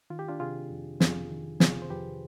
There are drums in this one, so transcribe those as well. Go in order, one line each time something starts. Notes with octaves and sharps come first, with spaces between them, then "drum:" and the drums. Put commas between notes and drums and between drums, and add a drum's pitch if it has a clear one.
D#3 F4
G4
D4 F4
C3 F4 G#4
F2
F2 F4 G#4, drum: snare
D#3
C3 F4 G#4, drum: snare
C5
F2 G4 B4